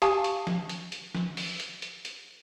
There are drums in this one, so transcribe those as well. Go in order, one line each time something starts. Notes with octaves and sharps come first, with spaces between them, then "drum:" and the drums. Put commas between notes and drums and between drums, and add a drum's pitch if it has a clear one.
G4 F5 G#5 A5 C#6 D#6, drum: hi-hat
drum: hi-hat
drum: snare F3
drum: hi-hat
drum: hi-hat
drum: snare F3
drum: open hi-hat
drum: hi-hat
drum: hi-hat
drum: hi-hat